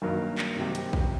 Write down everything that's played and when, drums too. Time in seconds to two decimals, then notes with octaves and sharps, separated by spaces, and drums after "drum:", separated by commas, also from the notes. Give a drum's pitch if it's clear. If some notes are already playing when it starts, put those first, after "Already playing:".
0.02 G2 D#3 F#3 A#3
0.38 drum: clap
0.56 C3 D#3 F#3 C4 G4
0.75 drum: hi-hat
0.93 drum: kick A#1